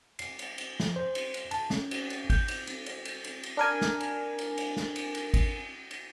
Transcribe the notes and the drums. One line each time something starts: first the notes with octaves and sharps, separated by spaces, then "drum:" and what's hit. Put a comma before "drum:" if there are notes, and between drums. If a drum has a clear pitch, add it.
C7, drum: cymbal
drum: cymbal
drum: cymbal
F3, drum: snare
C5
drum: cymbal
drum: cymbal
A5, drum: cymbal
C#4, drum: snare
drum: cymbal
drum: cymbal
G6, drum: kick G#1, cymbal
drum: cymbal
drum: cymbal
drum: cymbal
drum: cymbal
drum: cymbal
drum: cymbal
D4 A#4 G#5
drum: snare
drum: cymbal
drum: cymbal
drum: cymbal
drum: snare
drum: cymbal
drum: cymbal
drum: kick G#1, cymbal
drum: cymbal